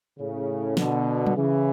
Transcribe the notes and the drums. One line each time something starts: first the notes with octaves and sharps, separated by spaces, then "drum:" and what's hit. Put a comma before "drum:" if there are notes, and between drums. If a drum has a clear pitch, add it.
A2 C#3
B2 D3, drum: snare
drum: tom F#3
C#3 E3